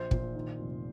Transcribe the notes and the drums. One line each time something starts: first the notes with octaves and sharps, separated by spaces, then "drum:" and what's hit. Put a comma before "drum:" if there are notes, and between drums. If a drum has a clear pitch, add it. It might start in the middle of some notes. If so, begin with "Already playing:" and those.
Already playing: A#1 C5
A#2, drum: kick
D#3
F1